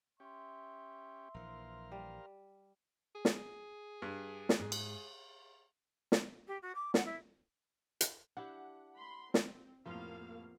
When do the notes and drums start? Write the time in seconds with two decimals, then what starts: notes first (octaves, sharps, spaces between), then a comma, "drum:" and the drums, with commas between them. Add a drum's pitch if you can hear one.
0.20 C#4 G4 E5 C6
1.34 A#1 E3 A#4 C5 F5
1.92 G3
3.15 G#4
3.25 drum: snare
4.02 G2
4.49 drum: snare
4.60 G#2
4.72 drum: cymbal
6.12 drum: snare
6.47 G4
6.62 F#4
6.75 D6
6.94 F#5, drum: snare
7.05 E4
8.01 drum: hi-hat
8.37 D4 E4 G4 F#5
8.97 B5 C6
9.34 C4, drum: snare
9.86 F1 A2 F3 A#3 B3 F4 F5